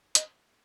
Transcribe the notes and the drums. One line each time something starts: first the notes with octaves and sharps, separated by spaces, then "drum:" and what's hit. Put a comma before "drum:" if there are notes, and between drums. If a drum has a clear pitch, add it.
D#5, drum: hi-hat